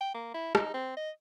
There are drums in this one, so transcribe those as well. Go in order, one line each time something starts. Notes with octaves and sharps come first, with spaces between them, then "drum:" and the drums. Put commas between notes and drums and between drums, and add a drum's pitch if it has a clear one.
G5
A#3
E4
D#4, drum: rim click
C4
D#5